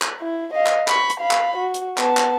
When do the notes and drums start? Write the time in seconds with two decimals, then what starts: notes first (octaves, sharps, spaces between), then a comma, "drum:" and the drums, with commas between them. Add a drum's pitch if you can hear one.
0.02 drum: clap
0.20 E4
0.53 D#5 F5
0.66 drum: clap
0.88 B5 C#6, drum: clap
1.09 drum: hi-hat
1.21 F5 B5
1.31 drum: clap
1.57 F#4
1.74 drum: hi-hat
1.98 B3 A5, drum: clap
2.17 drum: clap